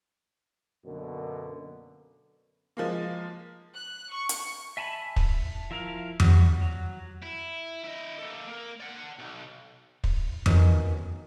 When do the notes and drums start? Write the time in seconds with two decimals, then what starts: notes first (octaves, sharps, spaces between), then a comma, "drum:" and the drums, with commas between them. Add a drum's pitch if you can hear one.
0.84 F#2 B2 D3 A#3
2.77 F3 G#3 A#3
3.75 F#6
4.11 C#6
4.29 drum: hi-hat
4.77 E5 G#5 A5 B5
5.16 drum: kick
5.71 F3 E4 A#4 F5
6.20 G3 F#4, drum: tom F2
6.62 F#3
7.22 E4
7.84 E4 D#5
8.18 A#3 A4
8.47 A#3 A#4
8.80 D5 F#5
9.19 B1
10.04 drum: kick
10.46 D#3 F#3 B3 C#4 D#4, drum: tom F2